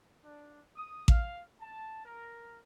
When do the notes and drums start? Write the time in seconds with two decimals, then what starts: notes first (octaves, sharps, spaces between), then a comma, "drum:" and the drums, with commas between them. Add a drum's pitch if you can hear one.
0.24 D4
0.76 D#6
1.08 F5, drum: kick A1
1.60 A5
2.06 A#4